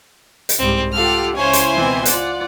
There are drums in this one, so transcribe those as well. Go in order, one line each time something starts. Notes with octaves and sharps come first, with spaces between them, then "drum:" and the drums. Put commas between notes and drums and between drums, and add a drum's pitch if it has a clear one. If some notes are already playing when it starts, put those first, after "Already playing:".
drum: hi-hat
C2 G#2 G3 C4
F4 G4 A4 F5 F#5 F6
C#2 C#4 E4 C5 C#5 F5 G#5 C6
drum: hi-hat
B2 E3 C4
F4 D5 F#5, drum: hi-hat